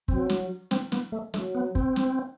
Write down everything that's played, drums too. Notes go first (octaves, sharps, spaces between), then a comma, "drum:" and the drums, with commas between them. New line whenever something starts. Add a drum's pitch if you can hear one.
F#3 C4, drum: kick
drum: snare
C4, drum: snare
B3, drum: snare
A3
F#3 A3, drum: snare
B3
C4, drum: kick
drum: snare